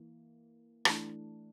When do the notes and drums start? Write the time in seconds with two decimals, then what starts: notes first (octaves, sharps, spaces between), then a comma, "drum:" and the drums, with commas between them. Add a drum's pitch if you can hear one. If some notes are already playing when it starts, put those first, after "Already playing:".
Already playing: E3 A#3
0.85 E3 A3 D4, drum: rim click